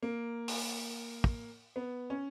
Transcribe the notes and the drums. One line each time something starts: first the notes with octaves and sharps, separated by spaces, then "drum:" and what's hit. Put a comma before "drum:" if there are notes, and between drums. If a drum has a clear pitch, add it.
A#3
drum: open hi-hat
drum: kick
B3
C#4